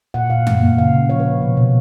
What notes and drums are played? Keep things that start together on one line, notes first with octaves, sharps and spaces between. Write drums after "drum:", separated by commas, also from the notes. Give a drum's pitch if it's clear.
A#2 F#5
A#2 F5
A#2, drum: tom F#2
A#3
C#3 F5
C#3
F3 C#5
B4
C#3
B2
B2